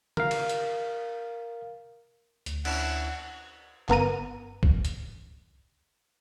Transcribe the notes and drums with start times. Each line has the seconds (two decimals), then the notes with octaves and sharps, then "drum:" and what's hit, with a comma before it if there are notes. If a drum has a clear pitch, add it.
0.17 A#4 F5, drum: tom C#3
0.31 drum: cymbal
0.49 drum: hi-hat
2.46 D2, drum: hi-hat
2.65 C#4 D4 E4 F#5, drum: cymbal
3.89 G1 B3 A#4 A#5 D#7, drum: clap
4.63 drum: kick
4.85 drum: hi-hat